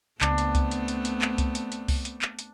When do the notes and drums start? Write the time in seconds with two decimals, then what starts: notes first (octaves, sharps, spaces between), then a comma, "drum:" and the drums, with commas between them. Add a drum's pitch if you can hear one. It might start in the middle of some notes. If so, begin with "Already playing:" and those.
0.21 C#2 A3 B3 C4 D4, drum: clap
0.38 drum: hi-hat
0.55 drum: kick C2, hi-hat
0.71 drum: hi-hat
0.88 drum: hi-hat
1.05 drum: hi-hat
1.22 drum: clap
1.38 drum: kick C2, hi-hat
1.55 drum: hi-hat
1.72 drum: hi-hat
1.88 drum: kick C2, open hi-hat
2.05 drum: hi-hat
2.22 drum: clap
2.39 drum: hi-hat